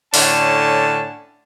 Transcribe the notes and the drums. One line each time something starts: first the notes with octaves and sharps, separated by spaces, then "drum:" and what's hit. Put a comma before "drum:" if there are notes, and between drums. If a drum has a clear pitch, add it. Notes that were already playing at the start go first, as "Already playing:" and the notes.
A2 D3 C#4 D4 A5, drum: open hi-hat